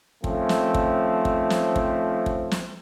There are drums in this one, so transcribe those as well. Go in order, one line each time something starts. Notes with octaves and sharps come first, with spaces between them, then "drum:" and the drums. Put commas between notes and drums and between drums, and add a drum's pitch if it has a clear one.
D#3 F3 A3 C4 C#4, drum: kick
drum: snare
drum: kick
drum: kick
drum: snare
drum: kick
drum: kick
drum: snare